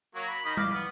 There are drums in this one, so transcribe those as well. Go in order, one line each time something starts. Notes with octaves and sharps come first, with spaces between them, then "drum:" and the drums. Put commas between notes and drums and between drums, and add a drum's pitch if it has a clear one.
F#3 A#3 C#5
B5
D#3 D#5 B5
D5 F5, drum: tom G3
B3